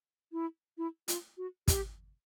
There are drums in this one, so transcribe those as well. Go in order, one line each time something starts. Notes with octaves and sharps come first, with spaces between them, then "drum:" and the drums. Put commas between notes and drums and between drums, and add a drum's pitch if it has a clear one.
E4
E4
F4, drum: hi-hat
F#4
G4, drum: kick, hi-hat